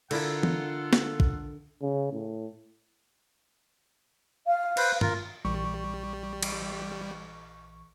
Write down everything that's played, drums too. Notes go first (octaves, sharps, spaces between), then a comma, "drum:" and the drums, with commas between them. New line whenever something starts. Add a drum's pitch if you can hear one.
D3 E4 F4 A4 A#4 F#5, drum: cymbal
drum: tom E3
drum: snare
drum: kick
C#3
A2
F5
B4 C5, drum: cymbal
F4 A#4, drum: tom G2
A#1 E3 G3 C#6
drum: cymbal